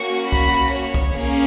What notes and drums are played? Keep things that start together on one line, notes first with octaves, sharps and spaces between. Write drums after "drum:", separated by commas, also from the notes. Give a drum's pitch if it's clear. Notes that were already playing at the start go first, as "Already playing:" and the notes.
Already playing: A#3 C#4 F#4 C#6
B5, drum: kick
C#5
drum: kick
A#3 C#4 G#4